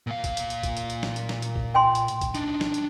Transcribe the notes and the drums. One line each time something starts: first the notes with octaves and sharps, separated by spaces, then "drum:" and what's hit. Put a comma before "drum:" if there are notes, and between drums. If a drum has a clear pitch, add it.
A#2 F5
drum: kick, hi-hat
drum: hi-hat
drum: hi-hat
drum: kick, hi-hat
drum: hi-hat
drum: hi-hat
drum: snare
drum: hi-hat
drum: snare
drum: hi-hat
drum: kick
G5 G#5 C6
drum: hi-hat
drum: hi-hat
drum: kick, hi-hat
D4 D#4, drum: hi-hat
drum: snare
drum: hi-hat